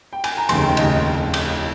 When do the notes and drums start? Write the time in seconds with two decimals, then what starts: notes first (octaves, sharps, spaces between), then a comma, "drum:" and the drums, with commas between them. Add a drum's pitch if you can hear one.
0.13 G5
0.24 G#5, drum: cymbal
0.37 A#5
0.49 F1 D#2 C#3 C6, drum: cymbal
0.63 G5
0.77 F1 D#2 C#3 D#5, drum: cymbal
1.34 drum: cymbal